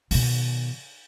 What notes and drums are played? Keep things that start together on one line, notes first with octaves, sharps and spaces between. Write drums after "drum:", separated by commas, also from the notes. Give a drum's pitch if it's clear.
B2 D#3, drum: open hi-hat